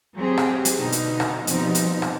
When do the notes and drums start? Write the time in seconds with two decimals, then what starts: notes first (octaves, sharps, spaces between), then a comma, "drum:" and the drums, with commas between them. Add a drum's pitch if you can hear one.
0.16 F#3 C4 G4 G#4
0.38 drum: rim click
0.65 drum: hi-hat
0.78 B2 D3 D#4
0.92 drum: hi-hat
1.20 drum: rim click
1.47 B2 F3 G3 C4 D#4, drum: hi-hat
1.75 drum: hi-hat
2.02 drum: rim click